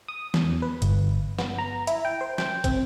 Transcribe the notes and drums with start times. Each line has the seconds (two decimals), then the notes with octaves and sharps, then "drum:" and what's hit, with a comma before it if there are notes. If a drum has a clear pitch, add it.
0.08 D#6
0.34 E2, drum: snare
0.62 B4
0.82 G1, drum: hi-hat
1.39 B3, drum: snare
1.58 A#5
1.87 E4, drum: hi-hat
2.05 G5
2.21 C5
2.38 G5, drum: snare
2.64 C4, drum: kick, hi-hat